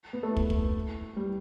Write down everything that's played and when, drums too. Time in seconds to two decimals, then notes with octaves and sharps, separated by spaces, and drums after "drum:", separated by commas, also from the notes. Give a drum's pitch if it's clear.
0.13 B3
0.23 A3
0.37 drum: kick
0.50 drum: kick
1.16 G3